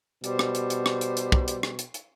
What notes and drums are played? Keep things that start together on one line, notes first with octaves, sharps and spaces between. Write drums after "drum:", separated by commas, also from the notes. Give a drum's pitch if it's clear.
B2 G3 C5, drum: hi-hat
drum: rim click
drum: hi-hat
drum: hi-hat
drum: rim click
drum: hi-hat
drum: hi-hat
drum: kick
drum: hi-hat
drum: rim click
drum: hi-hat
drum: hi-hat